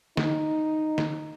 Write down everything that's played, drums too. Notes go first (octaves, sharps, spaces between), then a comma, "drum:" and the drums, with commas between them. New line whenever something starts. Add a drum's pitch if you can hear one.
D#4, drum: snare
drum: snare